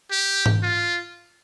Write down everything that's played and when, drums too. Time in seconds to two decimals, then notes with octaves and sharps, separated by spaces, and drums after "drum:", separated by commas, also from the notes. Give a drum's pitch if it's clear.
0.11 G4
0.46 drum: tom G#2
0.63 F4